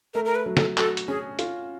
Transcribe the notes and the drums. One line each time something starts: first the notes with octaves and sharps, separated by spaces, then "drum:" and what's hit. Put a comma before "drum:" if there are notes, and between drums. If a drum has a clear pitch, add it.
A3 A#4
A#4
B4
F#3
A4, drum: snare
F#4 A4, drum: clap
drum: hi-hat
C#4 G#4
F4, drum: hi-hat